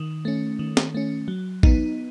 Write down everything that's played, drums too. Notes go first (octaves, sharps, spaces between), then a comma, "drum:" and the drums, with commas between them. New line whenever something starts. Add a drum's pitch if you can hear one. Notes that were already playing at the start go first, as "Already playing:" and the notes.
Already playing: D#3
A3 C#4
D#3
drum: snare
A3 C#4
F#3
B3 D#4, drum: kick A1